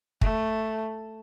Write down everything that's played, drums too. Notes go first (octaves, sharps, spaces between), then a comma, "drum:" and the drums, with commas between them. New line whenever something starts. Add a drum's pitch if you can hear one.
A3, drum: kick